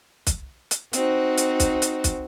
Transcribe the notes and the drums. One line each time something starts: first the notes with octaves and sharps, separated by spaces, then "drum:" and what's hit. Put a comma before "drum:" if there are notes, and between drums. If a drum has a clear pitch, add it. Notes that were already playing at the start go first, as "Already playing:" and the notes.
drum: kick, hi-hat
drum: hi-hat
C4 D#4 F#4, drum: hi-hat
drum: hi-hat
drum: kick, hi-hat
drum: hi-hat
drum: kick, hi-hat